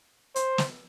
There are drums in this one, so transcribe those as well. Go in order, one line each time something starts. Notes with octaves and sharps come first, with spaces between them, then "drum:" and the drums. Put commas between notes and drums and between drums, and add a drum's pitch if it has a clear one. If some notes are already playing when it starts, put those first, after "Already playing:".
C5, drum: hi-hat
drum: snare